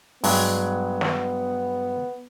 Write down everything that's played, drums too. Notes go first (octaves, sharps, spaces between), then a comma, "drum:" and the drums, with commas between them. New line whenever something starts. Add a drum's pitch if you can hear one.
G2 F#3 G#3 B3, drum: open hi-hat
drum: snare